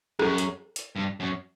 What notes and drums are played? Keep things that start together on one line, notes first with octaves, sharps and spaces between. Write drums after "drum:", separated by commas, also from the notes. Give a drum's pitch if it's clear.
F#2, drum: rim click
drum: hi-hat
drum: hi-hat
G2
F#2